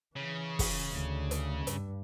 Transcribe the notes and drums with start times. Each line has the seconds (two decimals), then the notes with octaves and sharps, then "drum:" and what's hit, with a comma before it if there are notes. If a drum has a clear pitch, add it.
0.16 C#3 E3
0.59 drum: kick, open hi-hat
0.91 D2
1.31 drum: hi-hat
1.67 G2, drum: hi-hat